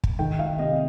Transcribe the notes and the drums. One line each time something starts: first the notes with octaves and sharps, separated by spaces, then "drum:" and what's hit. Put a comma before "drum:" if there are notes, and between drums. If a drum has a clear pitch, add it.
drum: kick
D#3 G5
F5
C3 D#5